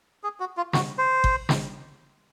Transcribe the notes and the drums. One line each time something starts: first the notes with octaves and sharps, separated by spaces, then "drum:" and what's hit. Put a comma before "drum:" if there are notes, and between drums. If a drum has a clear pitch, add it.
G#4
F#4
F4
F#4, drum: snare
C5
drum: kick G1
drum: snare